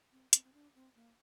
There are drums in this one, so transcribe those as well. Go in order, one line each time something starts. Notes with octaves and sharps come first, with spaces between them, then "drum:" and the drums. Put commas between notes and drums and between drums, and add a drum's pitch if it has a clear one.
C4
C4, drum: hi-hat
C4
D4
C4
A#3